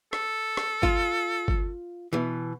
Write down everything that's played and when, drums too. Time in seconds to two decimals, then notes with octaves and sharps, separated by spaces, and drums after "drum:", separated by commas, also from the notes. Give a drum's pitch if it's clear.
0.13 A4, drum: rim click
0.57 drum: rim click
0.83 F4, drum: kick G1
1.48 drum: kick G1
2.13 B2 E3